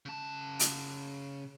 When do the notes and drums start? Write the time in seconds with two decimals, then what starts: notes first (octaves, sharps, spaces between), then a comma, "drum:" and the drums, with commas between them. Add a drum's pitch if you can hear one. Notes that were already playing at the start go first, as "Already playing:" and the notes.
0.06 C#3 A5
0.59 drum: hi-hat